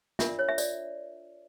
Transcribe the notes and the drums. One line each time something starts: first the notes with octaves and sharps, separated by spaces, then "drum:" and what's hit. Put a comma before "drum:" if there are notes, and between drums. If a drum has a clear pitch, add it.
D4 F4 A#4 E5, drum: snare
D5
C#5
E5
D5, drum: tambourine